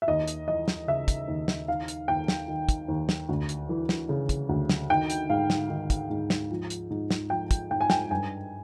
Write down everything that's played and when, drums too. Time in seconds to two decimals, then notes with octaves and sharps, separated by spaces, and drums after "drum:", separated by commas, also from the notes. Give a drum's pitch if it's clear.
0.02 E5
0.08 D#2 D#5
0.28 drum: hi-hat
0.47 E3 D#5
0.68 drum: snare
0.87 C#3 E5
1.08 drum: kick, hi-hat
1.28 D#2
1.48 drum: snare
1.68 D#3 F5
1.88 drum: hi-hat
2.08 D#2 G5
2.28 drum: snare
2.48 D#3
2.69 drum: kick, hi-hat
2.88 D#2
3.09 drum: snare
3.29 D2
3.49 drum: hi-hat
3.69 E3
3.89 drum: snare
4.09 C#3
4.29 drum: kick, hi-hat
4.49 D2
4.69 drum: snare
4.90 D#3 G5
5.10 drum: hi-hat
5.30 G#2 F5
5.50 drum: snare
5.70 D#3
5.90 drum: kick, hi-hat
6.10 G#2
6.30 drum: snare
6.51 F3
6.70 drum: hi-hat
6.90 G#2
7.11 drum: snare
7.30 F3 G5
7.51 drum: kick, hi-hat
7.71 G#2 G5
7.81 G#5
7.90 G5, drum: snare
8.11 G2 G#5